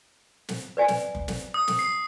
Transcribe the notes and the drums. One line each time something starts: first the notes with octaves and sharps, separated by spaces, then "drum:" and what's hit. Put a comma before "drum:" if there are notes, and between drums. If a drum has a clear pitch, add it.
drum: snare
B4 D5 G#5
drum: snare
drum: kick F#1
drum: snare
D#6
drum: snare
C7